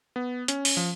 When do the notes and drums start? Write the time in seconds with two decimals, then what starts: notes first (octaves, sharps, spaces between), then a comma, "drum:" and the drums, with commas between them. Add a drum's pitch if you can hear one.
0.16 B3
0.48 C#4, drum: hi-hat
0.65 drum: open hi-hat
0.77 F3